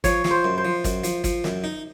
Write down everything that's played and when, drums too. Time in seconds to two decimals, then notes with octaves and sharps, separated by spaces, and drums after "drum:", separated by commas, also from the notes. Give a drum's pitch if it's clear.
0.04 F3 C#5, drum: kick, hi-hat
0.24 F3, drum: snare
0.31 C5
0.44 F#2
0.58 C5
0.65 F3
0.84 F#2, drum: kick, hi-hat
1.04 F3, drum: hi-hat
1.24 F3, drum: kick, hi-hat
1.44 F#2, drum: snare
1.64 D#4